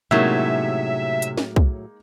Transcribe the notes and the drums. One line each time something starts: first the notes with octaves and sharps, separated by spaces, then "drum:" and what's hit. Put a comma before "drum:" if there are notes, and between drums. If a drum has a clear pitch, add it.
A2 C3 F#3 G#3 A#3 C#4 D#4 E5
drum: hi-hat
drum: snare
drum: kick